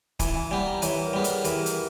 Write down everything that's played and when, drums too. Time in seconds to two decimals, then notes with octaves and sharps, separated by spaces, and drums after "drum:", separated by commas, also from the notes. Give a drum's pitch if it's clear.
0.19 E3 G#5 B5, drum: kick, hi-hat
0.35 G#5 B5
0.51 G3 B3 G#5 B5
0.66 G5 A#5
0.82 E3 C#5, drum: hi-hat
0.95 B4
1.07 A#4
1.13 G3 B3 G#4 B4
1.24 drum: hi-hat
1.44 E3 G4 A#4, drum: hi-hat
1.66 drum: hi-hat